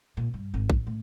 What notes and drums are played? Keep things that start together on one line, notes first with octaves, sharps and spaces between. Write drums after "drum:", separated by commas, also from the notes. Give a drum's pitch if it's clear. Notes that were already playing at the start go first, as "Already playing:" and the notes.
A#2
G2
G#1
A1, drum: kick A#1
A2